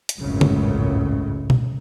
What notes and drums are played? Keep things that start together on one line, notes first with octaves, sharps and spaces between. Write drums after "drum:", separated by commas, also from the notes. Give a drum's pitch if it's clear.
drum: hi-hat
G#1 C#2 F#2 A2 C#3
drum: tom C#3
drum: tom B2